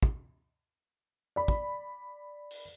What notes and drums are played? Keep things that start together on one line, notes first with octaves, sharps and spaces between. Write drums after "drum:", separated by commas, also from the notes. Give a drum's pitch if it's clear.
drum: kick
D5 B5
drum: kick
drum: open hi-hat